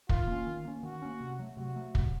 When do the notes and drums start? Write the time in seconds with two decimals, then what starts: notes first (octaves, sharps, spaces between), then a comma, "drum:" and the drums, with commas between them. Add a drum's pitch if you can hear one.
0.09 D#3 F4, drum: kick
0.27 A#3 C#4
0.47 D#3
0.65 A#3 C#4
0.83 D#3 F#4
1.02 A#3 C#4
1.21 C3
1.39 F#3 A3
1.57 C3 F#4
1.76 F#3 A3
1.95 C3, drum: kick